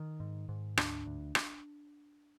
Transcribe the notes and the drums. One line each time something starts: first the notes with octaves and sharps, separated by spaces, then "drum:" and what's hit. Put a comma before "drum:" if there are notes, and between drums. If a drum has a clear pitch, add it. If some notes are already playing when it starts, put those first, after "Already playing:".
Already playing: D#3
G#2
G#2
D2 D4, drum: rim click
D2
drum: rim click